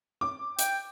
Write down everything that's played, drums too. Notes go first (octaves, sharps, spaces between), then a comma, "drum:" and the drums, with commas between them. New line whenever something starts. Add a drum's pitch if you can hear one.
D6
G5, drum: hi-hat